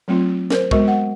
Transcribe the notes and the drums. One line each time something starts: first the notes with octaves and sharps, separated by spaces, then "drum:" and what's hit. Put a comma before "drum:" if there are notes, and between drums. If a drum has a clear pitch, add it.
F#3 A3 C4 F4
A#4 C5, drum: snare
G#3 B3 F#4 A#4 C#6, drum: kick
F#5